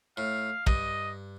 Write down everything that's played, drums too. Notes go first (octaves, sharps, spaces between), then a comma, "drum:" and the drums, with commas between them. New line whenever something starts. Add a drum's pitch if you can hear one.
A2 F5
G2 D#5, drum: kick